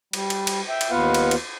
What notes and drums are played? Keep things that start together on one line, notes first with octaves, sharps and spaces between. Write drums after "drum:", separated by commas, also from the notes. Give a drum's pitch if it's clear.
G3, drum: cymbal
drum: cymbal
drum: cymbal
E5 G5
drum: cymbal
D#2 B3 F4 B4 F5 F#5
drum: cymbal
drum: cymbal